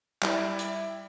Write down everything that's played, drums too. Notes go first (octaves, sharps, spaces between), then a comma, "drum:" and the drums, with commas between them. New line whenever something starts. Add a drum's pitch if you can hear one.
G3 E4 D5, drum: clap
drum: hi-hat